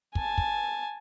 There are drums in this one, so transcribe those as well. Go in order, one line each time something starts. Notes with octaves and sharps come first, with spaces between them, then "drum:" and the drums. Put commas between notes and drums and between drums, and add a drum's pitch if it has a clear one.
G#5 A5, drum: kick
drum: kick